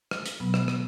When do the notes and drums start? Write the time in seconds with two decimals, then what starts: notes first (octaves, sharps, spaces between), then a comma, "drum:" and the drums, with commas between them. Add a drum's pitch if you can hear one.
0.11 drum: rim click
0.26 drum: hi-hat
0.40 B2 F#3 B3
0.54 drum: rim click
0.68 drum: rim click